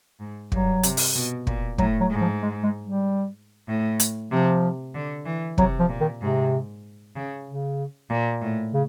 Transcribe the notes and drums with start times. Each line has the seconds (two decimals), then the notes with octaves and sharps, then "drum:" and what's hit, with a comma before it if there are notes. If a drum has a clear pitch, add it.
0.20 G#2
0.52 G2 F#3, drum: kick
0.83 C3, drum: hi-hat
0.97 drum: open hi-hat
1.15 B2
1.47 A#2, drum: kick
1.78 A2 F#3, drum: kick
2.00 F#3
2.11 G#2
2.21 F3
2.42 G#3
2.63 G#3
2.83 G3
3.68 A2
4.00 drum: hi-hat
4.31 C3 F3
4.95 D3
5.25 E3
5.58 C3 F#3, drum: kick
5.79 F3
5.89 A#2
6.00 D#3
6.20 G#2 C3
7.16 C#3
7.47 C#3
8.10 A#2
8.41 A2
8.73 C#3